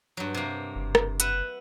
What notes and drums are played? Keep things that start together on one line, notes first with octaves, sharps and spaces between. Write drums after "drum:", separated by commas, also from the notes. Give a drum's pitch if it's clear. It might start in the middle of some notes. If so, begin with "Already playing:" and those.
G2 F#3
C3 A#3
F#1
drum: rim click
B4 E5 F#5, drum: hi-hat